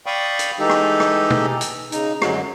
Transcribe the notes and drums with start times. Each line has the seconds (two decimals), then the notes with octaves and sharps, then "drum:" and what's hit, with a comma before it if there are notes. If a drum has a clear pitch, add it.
0.06 D5 F5 G5 B5 C#6 D#6
0.39 drum: hi-hat
0.59 E3 G#3 D#4 G4 A4
0.69 drum: rim click
1.00 drum: rim click
1.30 drum: tom
1.61 drum: hi-hat
1.92 C#3 D#4, drum: hi-hat
2.22 F#2 D3 F#3 G#3, drum: rim click